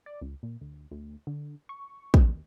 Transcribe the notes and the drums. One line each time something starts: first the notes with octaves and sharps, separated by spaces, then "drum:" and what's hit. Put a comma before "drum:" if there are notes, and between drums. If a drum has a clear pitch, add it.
D5
C#2
A#2
D2
D2
D3
C#6
D#2, drum: kick